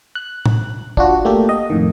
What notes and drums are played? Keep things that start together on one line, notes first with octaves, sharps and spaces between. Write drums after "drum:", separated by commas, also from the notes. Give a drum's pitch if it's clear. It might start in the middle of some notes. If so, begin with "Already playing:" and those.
F#6
drum: tom A2
D4 F4 F#4, drum: kick
A3 A#3 G4 A4
D#5
F2 A2 D#3